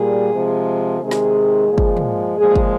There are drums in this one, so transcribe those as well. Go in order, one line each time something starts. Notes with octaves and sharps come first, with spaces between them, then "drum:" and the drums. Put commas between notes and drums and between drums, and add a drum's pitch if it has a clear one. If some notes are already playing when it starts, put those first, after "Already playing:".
Already playing: A#2 G3 G#4
C3 F3 G#3
C3 D#3 G#3 G#4
drum: snare
A#2 F3 G#3
drum: kick
drum: tom
A#2 F3 G#3 G#4
drum: kick